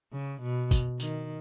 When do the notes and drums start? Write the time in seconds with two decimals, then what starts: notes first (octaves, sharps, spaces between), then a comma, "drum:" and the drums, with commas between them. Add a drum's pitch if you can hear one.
0.13 C#3
0.42 B2
0.71 drum: kick, tambourine
1.00 D#3, drum: tambourine